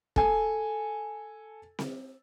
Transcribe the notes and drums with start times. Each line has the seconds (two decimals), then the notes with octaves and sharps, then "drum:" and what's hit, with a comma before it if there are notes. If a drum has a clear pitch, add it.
0.16 A4 G#5, drum: kick
1.79 drum: snare C4